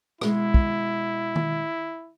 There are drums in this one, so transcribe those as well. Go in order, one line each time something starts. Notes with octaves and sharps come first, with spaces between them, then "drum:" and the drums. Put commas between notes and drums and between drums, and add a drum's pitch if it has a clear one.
B2 G#3 E4, drum: rim click
drum: kick
drum: tom D#3